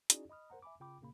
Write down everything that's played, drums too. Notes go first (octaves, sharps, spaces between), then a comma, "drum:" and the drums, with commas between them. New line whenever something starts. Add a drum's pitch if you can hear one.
C#4 D#4 E4 F#4 G#4 D5, drum: hi-hat
D#5 B5 D#6 F6
A#4 C5 F#5 A#5
E5 G#5 B5 D6
C#3 F4 G5 B5 D6
A#2 C#3 A#3 B5